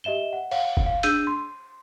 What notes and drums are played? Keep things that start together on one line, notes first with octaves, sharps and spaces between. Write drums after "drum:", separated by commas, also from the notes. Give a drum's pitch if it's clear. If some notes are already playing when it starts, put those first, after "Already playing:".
G4 D#5 E5 E7 G7
F#5
C#5 F5 F#5, drum: cymbal
drum: kick F1
F5
D4 G#4 E6 G6 D#7, drum: hi-hat
C6